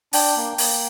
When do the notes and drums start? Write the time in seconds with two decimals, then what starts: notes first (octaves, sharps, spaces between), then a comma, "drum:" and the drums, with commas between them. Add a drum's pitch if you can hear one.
0.13 D4 G5, drum: open hi-hat
0.37 A#3
0.58 A#3, drum: open hi-hat